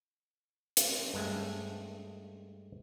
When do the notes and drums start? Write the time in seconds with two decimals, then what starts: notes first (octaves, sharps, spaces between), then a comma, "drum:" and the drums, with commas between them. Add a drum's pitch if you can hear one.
0.77 drum: hi-hat
1.14 G2 G#3 A3